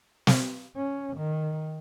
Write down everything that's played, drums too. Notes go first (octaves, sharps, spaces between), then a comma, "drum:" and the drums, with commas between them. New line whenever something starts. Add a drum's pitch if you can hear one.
drum: snare
C#4
D#3